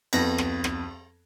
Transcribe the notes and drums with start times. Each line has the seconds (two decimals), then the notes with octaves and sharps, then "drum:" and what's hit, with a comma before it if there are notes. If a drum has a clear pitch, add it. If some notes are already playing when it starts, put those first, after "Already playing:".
0.13 F2 B3 A#6, drum: cymbal
0.38 drum: rim click
0.64 drum: rim click